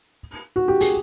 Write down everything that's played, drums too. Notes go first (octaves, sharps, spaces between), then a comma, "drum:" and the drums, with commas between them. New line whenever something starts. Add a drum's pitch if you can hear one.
F#4
G4
G#4, drum: open hi-hat